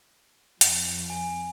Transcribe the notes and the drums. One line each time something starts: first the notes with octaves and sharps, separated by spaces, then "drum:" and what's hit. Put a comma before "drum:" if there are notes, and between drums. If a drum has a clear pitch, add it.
F2, drum: hi-hat
G#5